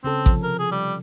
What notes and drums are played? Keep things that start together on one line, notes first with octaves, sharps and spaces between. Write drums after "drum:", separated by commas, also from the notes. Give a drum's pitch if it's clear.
C#3 C4 C#4 A4
C3 F3, drum: kick A1
A#4
G#4
G3